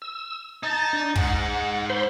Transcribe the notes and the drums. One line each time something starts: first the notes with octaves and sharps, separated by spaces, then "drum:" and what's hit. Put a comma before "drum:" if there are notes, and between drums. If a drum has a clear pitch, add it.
E6
D#4 A5 A6
D4
G#2 G#3 F#5, drum: kick
C5 B5 C6